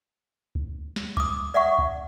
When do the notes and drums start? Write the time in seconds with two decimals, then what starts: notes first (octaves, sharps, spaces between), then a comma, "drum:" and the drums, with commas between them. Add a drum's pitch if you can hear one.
0.55 drum: kick C#2
0.96 drum: snare
1.17 D6 D#6, drum: kick C#2
1.54 D5 E5 F#5 C#6
1.78 drum: kick C#2